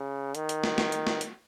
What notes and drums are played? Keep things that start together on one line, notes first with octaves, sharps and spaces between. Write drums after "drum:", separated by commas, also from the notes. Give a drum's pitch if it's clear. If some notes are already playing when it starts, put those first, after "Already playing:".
Already playing: C#3
D#3, drum: hi-hat
drum: hi-hat
drum: snare
drum: snare
drum: hi-hat
drum: snare
drum: hi-hat